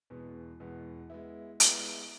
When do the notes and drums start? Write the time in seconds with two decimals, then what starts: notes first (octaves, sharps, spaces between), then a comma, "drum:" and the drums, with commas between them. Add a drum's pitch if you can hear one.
0.10 E2 B2 G#3 B3
0.60 E2 B2 G#3 B3
1.10 G#3 B3 E4
1.60 G#3 B3 E4, drum: hi-hat